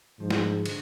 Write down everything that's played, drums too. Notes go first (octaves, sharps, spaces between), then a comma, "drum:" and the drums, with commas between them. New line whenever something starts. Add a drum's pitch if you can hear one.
G#2 F3
drum: snare
D3, drum: cymbal